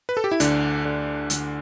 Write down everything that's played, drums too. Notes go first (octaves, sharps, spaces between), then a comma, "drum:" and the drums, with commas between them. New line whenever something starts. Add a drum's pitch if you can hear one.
B4
A4
G4
E4
D2 D3 D4, drum: hi-hat
D3
D2, drum: hi-hat